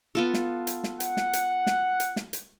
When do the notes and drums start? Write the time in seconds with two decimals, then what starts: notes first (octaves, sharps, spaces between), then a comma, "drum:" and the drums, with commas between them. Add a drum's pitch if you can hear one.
0.15 B3 F4 A4
0.34 drum: snare
0.67 drum: hi-hat
0.84 drum: snare
1.00 F#5, drum: hi-hat
1.17 drum: snare
1.33 drum: hi-hat
1.67 drum: snare
2.00 drum: hi-hat
2.16 drum: snare
2.33 drum: hi-hat